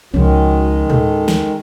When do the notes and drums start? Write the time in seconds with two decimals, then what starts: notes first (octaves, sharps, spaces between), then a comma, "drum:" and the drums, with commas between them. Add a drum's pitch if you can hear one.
0.14 C#2 D#3 F3 G#3 C#4 F#4
0.90 D#2 A4, drum: tom
1.28 drum: snare